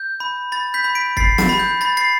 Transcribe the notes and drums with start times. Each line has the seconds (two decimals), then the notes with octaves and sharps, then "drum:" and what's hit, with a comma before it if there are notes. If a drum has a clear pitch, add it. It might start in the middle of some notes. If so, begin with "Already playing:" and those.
Already playing: G6
0.20 B5
0.52 B5 A6
0.74 G6 B6
0.84 B5
0.95 B6 D7
1.17 B5 A6 C7, drum: kick
1.38 A6, drum: snare
1.49 B5
1.59 G6
1.81 B5 A6
1.97 A6 C7